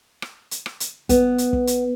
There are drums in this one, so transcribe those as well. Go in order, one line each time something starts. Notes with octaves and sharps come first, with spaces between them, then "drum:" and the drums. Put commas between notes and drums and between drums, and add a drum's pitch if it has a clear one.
drum: rim click
drum: hi-hat
drum: rim click
drum: hi-hat
B3, drum: kick, hi-hat
drum: hi-hat
drum: kick
drum: hi-hat